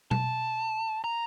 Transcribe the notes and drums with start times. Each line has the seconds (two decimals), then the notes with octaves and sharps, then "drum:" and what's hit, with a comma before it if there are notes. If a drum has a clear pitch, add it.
0.11 A5, drum: tom B2
1.04 A#5